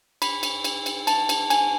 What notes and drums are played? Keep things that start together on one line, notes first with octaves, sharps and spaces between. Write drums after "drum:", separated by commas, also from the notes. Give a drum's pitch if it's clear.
B5, drum: cymbal
drum: cymbal
drum: cymbal
drum: cymbal
A5, drum: cymbal
drum: cymbal
G#5, drum: cymbal